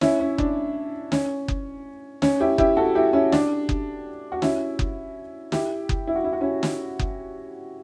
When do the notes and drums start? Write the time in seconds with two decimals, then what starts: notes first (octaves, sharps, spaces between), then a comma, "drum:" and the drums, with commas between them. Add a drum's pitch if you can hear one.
0.01 C#4 E4, drum: snare
0.20 C#4
0.38 D4, drum: kick F#1
1.12 C#4, drum: snare
1.48 drum: kick F#1
2.22 C#4, drum: snare
2.40 E4 G4
2.58 E4 G4, drum: kick F#1
2.77 F#4 A4
2.95 E4 G4
3.13 C#4 E4
3.32 D4, drum: snare
3.69 drum: kick F#1
4.32 F#4
4.42 C#4 E4, drum: snare
4.79 drum: kick F#1
5.52 E4 G4, drum: snare
5.89 drum: kick F#1
6.07 E4
6.16 F#4
6.24 E4
6.33 F#4
6.41 C#4 E4
6.63 drum: snare
6.99 drum: kick F#1